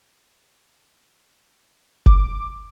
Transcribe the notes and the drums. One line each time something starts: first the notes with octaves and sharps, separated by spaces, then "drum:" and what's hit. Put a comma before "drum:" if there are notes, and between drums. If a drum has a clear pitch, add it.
D6, drum: kick F#1